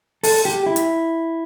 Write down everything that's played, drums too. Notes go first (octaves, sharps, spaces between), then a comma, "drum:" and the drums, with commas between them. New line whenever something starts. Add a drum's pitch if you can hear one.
A4, drum: open hi-hat
G4
E4
drum: hi-hat